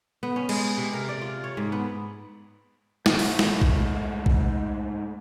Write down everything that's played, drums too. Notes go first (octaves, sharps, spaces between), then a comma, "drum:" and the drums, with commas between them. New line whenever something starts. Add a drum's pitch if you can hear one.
B3
C#4
G#3, drum: cymbal
C3
A#4
D5
F4
C#5
G#2
B3
G#2 A3, drum: snare
drum: open hi-hat
drum: snare
drum: kick A#1
drum: kick A#1